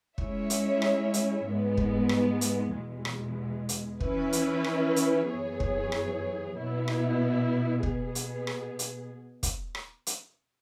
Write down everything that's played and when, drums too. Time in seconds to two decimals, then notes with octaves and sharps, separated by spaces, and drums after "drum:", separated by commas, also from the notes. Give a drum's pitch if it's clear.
0.18 G#3 C#4 E4 C#5 E5, drum: kick
0.50 drum: hi-hat
0.82 drum: rim click
1.14 drum: hi-hat
1.45 G#2 G#3 B3
1.77 drum: kick
2.09 drum: rim click
2.41 drum: hi-hat
2.73 E2 B2 G#3
3.05 drum: rim click
3.69 drum: hi-hat
4.01 E3 C#4 E4 B4, drum: kick
4.33 drum: hi-hat
4.64 drum: rim click
4.96 drum: hi-hat
5.28 F#2 E3 B3 G#4 C#5
5.60 drum: kick
5.92 drum: rim click
6.56 B2 B3 E4
6.88 drum: rim click
7.83 B2 B3 G#4, drum: kick
8.15 drum: hi-hat
8.47 drum: rim click
8.79 drum: hi-hat
9.43 drum: kick, hi-hat
9.75 drum: rim click
10.07 drum: hi-hat